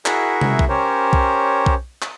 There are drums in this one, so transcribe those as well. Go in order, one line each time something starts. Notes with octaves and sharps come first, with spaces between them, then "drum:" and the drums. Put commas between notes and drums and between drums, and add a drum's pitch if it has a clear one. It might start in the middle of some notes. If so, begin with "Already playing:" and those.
E4 F#4 G#4 A#4 E5 F#5, drum: clap
drum: tom
drum: kick B1
C#4 G4 A#4 C5 C#5
drum: kick B1
drum: kick B1
drum: clap